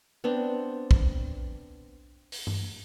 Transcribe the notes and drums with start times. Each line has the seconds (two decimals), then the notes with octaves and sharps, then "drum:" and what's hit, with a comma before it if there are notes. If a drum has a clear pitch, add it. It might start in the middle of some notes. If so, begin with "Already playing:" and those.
0.24 B3 C4 D4
0.91 drum: kick
2.32 drum: open hi-hat
2.47 drum: tom G2